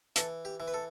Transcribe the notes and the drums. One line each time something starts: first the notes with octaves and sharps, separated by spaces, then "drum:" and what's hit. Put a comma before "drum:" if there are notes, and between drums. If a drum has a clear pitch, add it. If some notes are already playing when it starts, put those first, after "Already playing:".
E3 A4, drum: hi-hat
G4
E3
B4
A4